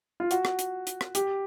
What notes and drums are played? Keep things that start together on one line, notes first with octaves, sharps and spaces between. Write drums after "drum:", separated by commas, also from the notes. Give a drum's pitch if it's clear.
F4
F#4, drum: hi-hat
drum: rim click
drum: hi-hat
drum: hi-hat
drum: rim click
G4, drum: hi-hat